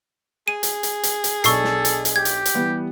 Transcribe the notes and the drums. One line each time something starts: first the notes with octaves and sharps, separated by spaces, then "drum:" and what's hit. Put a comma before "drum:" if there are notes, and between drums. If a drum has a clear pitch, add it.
G#4 D#7
drum: hi-hat
drum: hi-hat
drum: hi-hat
drum: hi-hat
B1 D4 A4 C#6 E6 C7, drum: hi-hat
drum: snare
drum: hi-hat
drum: hi-hat
G4 G#6
drum: hi-hat
drum: hi-hat
E3 G3 B3